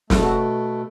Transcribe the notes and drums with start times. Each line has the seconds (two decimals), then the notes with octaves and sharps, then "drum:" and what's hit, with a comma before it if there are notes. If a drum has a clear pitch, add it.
0.10 B2 A3, drum: snare
0.21 F#4 A4